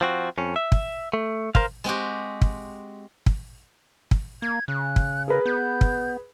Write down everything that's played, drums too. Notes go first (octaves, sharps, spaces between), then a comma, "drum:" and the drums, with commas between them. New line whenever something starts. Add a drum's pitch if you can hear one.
F3 C4 F#4
F2 C#4
E5
drum: kick
A3
A#4 C5 F5, drum: kick
G#3 C4 F#4 G4
drum: kick
drum: kick
drum: kick
A#3 G#6
C#3 F#6
drum: kick
G#4 A#4 B4
B3 G6
drum: kick